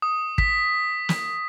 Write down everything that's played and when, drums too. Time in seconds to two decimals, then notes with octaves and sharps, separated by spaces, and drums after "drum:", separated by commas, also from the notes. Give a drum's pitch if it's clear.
0.02 D#6
0.38 B6, drum: kick
1.09 drum: snare